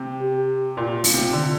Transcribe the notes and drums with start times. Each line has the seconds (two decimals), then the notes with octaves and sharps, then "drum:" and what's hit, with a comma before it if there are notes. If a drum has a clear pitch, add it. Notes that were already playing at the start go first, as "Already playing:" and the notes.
Already playing: C3
0.21 G4
0.77 A#2 F4
1.04 drum: open hi-hat
1.14 C3
1.33 D3